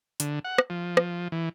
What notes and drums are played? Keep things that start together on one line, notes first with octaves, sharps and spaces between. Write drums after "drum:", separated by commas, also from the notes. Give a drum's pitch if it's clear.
D3, drum: hi-hat
F#5
drum: rim click
F3
drum: rim click
E3